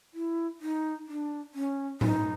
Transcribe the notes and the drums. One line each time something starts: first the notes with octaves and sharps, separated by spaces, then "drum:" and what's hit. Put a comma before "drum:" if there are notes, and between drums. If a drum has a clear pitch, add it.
E4
D#4
D4
C#4
D#4, drum: tom A2